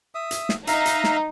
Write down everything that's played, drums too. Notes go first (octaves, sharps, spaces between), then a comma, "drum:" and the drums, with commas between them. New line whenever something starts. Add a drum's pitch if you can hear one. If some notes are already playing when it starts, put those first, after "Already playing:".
E5 D#6
drum: hi-hat
drum: snare
D#4 E5 F5 A#5, drum: hi-hat
drum: hi-hat
drum: snare